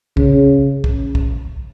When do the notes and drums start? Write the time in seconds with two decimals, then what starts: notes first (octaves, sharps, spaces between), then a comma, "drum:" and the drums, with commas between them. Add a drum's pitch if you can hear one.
0.17 C#3, drum: kick
0.84 drum: kick
1.15 drum: kick